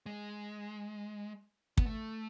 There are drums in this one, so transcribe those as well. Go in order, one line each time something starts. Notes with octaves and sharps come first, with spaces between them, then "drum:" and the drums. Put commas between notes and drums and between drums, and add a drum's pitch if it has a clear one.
G#3
B3, drum: kick
A3